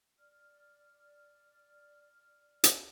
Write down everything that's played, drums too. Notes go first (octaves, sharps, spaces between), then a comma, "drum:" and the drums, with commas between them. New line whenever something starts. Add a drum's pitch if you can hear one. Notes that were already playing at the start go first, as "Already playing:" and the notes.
D5 F6
drum: hi-hat